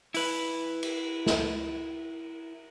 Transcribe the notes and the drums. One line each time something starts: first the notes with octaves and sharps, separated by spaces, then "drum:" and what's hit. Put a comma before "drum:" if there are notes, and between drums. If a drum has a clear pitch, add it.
E4 B4, drum: open hi-hat
drum: cymbal
drum: snare